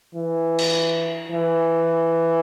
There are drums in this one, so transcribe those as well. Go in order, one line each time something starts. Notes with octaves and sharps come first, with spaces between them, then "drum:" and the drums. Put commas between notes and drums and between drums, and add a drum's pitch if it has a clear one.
E3
drum: cymbal
E3